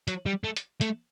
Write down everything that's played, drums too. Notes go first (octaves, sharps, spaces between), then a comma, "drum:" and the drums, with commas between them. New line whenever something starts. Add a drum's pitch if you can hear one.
F#3, drum: hi-hat
G3
A3
drum: hi-hat
A3, drum: hi-hat